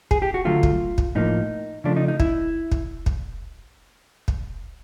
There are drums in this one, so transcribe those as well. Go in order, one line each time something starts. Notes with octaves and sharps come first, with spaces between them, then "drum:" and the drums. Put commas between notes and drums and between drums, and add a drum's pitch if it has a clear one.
G#4, drum: kick
G4
F#4
D3 F#3 A3 F4
drum: kick
drum: kick
A2 F3 A#3 D#4
C#3 F3 A3 D4
D#4
D#4
E4, drum: kick
drum: kick
drum: kick
drum: kick